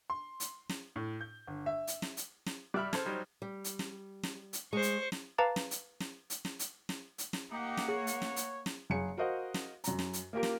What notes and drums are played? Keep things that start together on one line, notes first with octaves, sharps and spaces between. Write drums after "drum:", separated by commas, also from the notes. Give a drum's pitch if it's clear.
C6
drum: hi-hat
drum: snare
A2
G6
G1
E5
drum: hi-hat
drum: snare
drum: hi-hat
drum: snare
G3 D5 E5 B5 F6
A4 C5 G#6, drum: snare
F#3 G3 D#4
G3
drum: hi-hat
drum: snare
drum: snare
drum: hi-hat
G#3 C5 C#6
drum: hi-hat
drum: snare
B4 F5 A5 A#5 D6 A6
drum: snare
drum: hi-hat
drum: snare
drum: hi-hat
drum: snare
drum: hi-hat
drum: snare
drum: hi-hat
drum: snare
A#3 D#4 G4 F#5
drum: snare
G#4 C#5
drum: hi-hat
drum: snare
drum: hi-hat
drum: snare
F#1 G#4 C#7
F#4 A#4 C5 D#5 F5 F#5
drum: snare
F#2 A#5, drum: hi-hat
drum: snare
drum: hi-hat
A#3 F4 G4 A#4
drum: snare